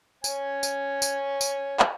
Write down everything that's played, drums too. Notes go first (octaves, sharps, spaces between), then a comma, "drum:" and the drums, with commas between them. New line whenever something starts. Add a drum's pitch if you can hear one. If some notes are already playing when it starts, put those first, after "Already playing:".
C#5 G#5, drum: tambourine
drum: tambourine
drum: tambourine
drum: tambourine
drum: clap